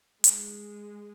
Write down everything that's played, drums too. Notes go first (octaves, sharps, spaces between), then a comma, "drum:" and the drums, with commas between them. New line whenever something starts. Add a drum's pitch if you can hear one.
G#3, drum: hi-hat